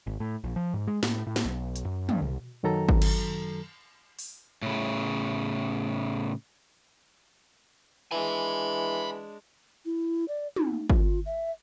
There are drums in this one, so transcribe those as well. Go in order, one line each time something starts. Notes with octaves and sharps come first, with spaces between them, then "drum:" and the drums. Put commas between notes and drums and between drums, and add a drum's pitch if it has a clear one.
G#1
A2
A#1
F3
G#2
G#3
A2, drum: snare
A2
drum: snare
B1
drum: hi-hat
F#2
G2, drum: tom
C2
F#2 D#3 F#3 A4 A#5
drum: kick G#1
drum: cymbal
drum: open hi-hat
A2 C#3
E3 G#3 D4 G#5 B5
E4
D5
D#4, drum: tom
F4, drum: kick G#1
E5